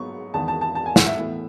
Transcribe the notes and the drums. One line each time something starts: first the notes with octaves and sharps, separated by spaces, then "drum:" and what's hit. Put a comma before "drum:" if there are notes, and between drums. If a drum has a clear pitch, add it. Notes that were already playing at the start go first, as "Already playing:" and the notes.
Already playing: G#2 F#3 B3 C#6
E2 D#3 G#3 B3 A5
A5
A5
A5
G#5
F#5, drum: snare
E5
A2 E3 B3